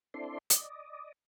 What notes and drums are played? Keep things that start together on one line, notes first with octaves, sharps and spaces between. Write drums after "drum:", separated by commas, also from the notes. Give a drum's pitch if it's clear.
C4 D4 E4 A4 D5 C6
D5 D#5, drum: hi-hat